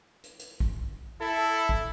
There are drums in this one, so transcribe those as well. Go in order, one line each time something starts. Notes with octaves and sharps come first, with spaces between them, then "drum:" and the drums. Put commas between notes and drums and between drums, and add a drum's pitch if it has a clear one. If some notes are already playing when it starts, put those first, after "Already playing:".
drum: hi-hat
drum: hi-hat
drum: kick
E4 A4
drum: kick